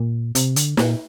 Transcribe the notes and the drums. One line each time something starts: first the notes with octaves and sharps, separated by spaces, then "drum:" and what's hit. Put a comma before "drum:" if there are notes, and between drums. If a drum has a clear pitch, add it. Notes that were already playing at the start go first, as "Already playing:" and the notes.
Already playing: A#2
C3, drum: hi-hat
D3, drum: hi-hat
A#2, drum: snare